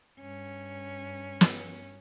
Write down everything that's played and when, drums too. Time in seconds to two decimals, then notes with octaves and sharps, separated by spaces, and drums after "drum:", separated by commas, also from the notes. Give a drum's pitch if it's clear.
0.20 G2 C#4
1.41 drum: snare